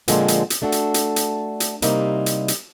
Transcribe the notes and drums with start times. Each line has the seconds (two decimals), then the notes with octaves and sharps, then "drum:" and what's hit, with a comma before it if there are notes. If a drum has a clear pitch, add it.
0.08 A#2 D3 F3 G#3 A#3 C4, drum: hi-hat
0.28 drum: hi-hat
0.50 drum: hi-hat
0.62 A3 D4 F#4 A4
0.72 drum: hi-hat
0.94 drum: hi-hat
1.16 drum: hi-hat
1.60 drum: hi-hat
1.82 C3 G3 A#3 D#4 E4, drum: hi-hat
2.26 drum: hi-hat
2.48 drum: hi-hat